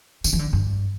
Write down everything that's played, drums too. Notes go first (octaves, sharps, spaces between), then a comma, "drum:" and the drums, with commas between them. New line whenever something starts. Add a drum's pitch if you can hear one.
D3, drum: tambourine
E3
D3
G2